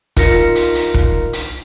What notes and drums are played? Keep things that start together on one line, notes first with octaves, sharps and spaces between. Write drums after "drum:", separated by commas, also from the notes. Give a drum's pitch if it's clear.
D#4 F4 A#4 A#6 C#7, drum: kick, hi-hat
drum: hi-hat
drum: hi-hat
drum: kick
drum: hi-hat